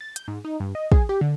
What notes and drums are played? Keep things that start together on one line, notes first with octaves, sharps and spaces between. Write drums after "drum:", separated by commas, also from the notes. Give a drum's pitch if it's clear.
A6
G6, drum: hi-hat
G#2
D#4
G2
D#5
G#4, drum: kick
G4
D3